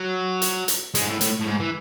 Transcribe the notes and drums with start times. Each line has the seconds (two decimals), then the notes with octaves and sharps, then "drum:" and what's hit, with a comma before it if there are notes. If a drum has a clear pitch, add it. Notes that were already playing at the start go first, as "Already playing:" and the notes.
Already playing: F#3
0.42 drum: hi-hat
0.68 drum: hi-hat
0.95 G#3, drum: hi-hat
1.01 G#2
1.07 A2
1.21 A2, drum: hi-hat
1.40 A2
1.46 G#2
1.60 E3